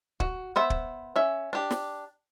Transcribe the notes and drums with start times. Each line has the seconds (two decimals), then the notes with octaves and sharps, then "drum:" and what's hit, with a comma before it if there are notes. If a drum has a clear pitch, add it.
0.20 F#4, drum: kick
0.56 B3 C5 E5
0.70 drum: kick
1.16 C#4 E5
1.53 D4 G4
1.71 drum: snare